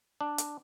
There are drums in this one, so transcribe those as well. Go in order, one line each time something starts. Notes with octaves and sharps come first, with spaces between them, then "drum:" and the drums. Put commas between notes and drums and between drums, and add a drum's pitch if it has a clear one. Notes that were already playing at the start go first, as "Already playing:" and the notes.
D4
drum: hi-hat